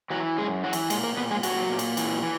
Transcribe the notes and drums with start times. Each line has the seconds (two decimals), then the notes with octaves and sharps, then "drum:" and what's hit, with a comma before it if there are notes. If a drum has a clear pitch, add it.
0.10 E3 F#3 F#4
0.38 F#2 G#3 G#4
0.64 E3 F#3 F#4
0.73 drum: cymbal
0.90 A#2 G#3 G#4, drum: cymbal
1.04 A#3 A#4
1.17 A#2 B3 B4
1.31 G#3 G#4
1.43 A#2 F#3 F#4, drum: cymbal
1.70 A#2
1.79 drum: cymbal
1.97 E3, drum: cymbal
2.22 E3